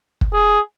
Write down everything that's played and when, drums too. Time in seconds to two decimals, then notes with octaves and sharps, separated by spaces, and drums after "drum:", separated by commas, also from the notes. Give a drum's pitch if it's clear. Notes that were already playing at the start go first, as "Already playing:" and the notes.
0.21 drum: kick
0.33 G#4